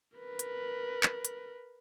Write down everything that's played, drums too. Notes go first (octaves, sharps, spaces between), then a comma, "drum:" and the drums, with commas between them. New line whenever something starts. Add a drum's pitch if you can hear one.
A#4 B4
drum: hi-hat
drum: clap
drum: hi-hat